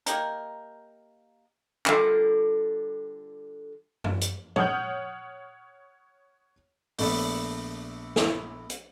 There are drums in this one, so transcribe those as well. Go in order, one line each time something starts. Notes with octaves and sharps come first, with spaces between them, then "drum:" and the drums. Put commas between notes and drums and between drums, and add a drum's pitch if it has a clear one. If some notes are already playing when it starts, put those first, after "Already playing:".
A#3 D#4 G4 A#4, drum: hi-hat
D3 F#3 G3 F4 A4 A#4, drum: clap
drum: tom F#2
drum: hi-hat
C#5 F#5 D#6 F6 G6, drum: tom
A#1 A3 B3 D5, drum: open hi-hat
drum: snare
drum: hi-hat